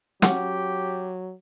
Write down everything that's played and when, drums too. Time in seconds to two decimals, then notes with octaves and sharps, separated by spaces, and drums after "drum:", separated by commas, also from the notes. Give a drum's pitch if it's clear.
0.22 F#3 C#4 G4 F#5, drum: snare